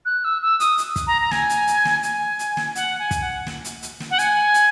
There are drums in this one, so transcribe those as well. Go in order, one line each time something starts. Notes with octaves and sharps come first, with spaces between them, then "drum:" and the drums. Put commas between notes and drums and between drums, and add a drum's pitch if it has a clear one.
F#6
E6
E6
D#6, drum: hi-hat
drum: hi-hat
drum: kick, hi-hat
A#5
A#5
G#5, drum: snare
drum: hi-hat
drum: hi-hat
drum: snare
G#5, drum: hi-hat
drum: hi-hat
drum: snare
F#5, drum: hi-hat
G#5
drum: kick, hi-hat
F#5
drum: snare
drum: hi-hat
drum: hi-hat
drum: snare
F#5
G#5, drum: hi-hat
drum: hi-hat